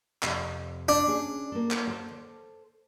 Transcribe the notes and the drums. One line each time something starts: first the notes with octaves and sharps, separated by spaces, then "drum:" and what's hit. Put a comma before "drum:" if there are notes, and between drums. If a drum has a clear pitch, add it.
F2 C3, drum: clap
D4
C#4 G#4 D5
A#3 A4
drum: clap
A4 C5